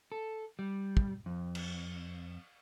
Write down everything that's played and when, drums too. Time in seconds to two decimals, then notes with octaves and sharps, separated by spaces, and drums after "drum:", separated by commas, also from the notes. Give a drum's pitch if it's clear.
0.12 A4
0.59 G3
0.97 drum: kick
1.26 F2
1.55 drum: cymbal